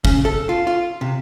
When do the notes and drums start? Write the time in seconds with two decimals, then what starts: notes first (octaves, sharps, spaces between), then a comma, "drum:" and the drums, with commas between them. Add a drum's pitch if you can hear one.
0.05 C#3, drum: kick
0.25 A4
0.49 F4
0.67 F4
1.01 C3